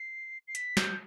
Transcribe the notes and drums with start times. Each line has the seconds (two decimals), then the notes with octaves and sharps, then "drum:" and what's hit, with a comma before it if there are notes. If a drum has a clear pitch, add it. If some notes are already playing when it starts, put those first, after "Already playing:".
Already playing: C7
0.48 C7
0.55 B6, drum: hi-hat
0.77 G6, drum: snare